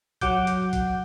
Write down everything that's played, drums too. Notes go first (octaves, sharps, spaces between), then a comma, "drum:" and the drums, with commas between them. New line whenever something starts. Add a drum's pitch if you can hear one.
F#3 F#5 D6 G6, drum: kick, hi-hat
drum: hi-hat
drum: kick, hi-hat